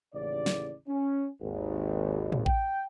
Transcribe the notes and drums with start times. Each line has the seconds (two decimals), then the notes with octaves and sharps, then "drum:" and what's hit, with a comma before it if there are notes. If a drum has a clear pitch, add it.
0.14 A1 D#2 C#3 E4 D5
0.46 drum: snare
0.87 C#4
1.41 G#1 D#2
2.32 drum: tom A2
2.46 G5, drum: kick A1